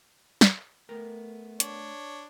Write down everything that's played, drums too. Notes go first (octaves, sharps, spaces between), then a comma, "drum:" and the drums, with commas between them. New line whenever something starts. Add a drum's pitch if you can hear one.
drum: snare
A3 B3 A#4 G5
D4 C#5, drum: hi-hat